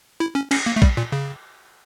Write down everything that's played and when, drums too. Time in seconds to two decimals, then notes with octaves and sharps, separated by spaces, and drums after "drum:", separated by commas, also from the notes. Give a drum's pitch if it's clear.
0.20 E4
0.35 C#4
0.51 C#4, drum: cymbal
0.66 A#3
0.76 A3
0.82 G3, drum: kick
0.97 A#2
1.12 C#3